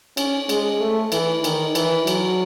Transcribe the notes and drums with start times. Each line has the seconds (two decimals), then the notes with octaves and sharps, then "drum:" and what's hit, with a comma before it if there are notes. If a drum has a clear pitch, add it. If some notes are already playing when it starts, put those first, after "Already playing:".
0.17 C#4, drum: cymbal
0.49 G#3, drum: cymbal
0.80 A3
1.12 E3, drum: cymbal
1.44 D#3, drum: cymbal
1.75 E3, drum: cymbal
2.07 F#3, drum: cymbal